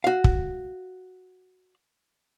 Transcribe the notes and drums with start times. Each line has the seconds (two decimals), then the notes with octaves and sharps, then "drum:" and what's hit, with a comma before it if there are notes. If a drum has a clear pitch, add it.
0.04 F#4 F5
0.24 drum: kick